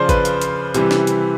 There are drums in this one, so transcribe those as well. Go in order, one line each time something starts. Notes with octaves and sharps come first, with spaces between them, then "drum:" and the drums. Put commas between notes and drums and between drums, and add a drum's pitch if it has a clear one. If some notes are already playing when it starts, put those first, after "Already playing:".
Already playing: C#3 F3 C5 D5
B4, drum: kick G#1, hi-hat
drum: hi-hat
drum: hi-hat
C3 E3 G3, drum: hi-hat
drum: snare
drum: hi-hat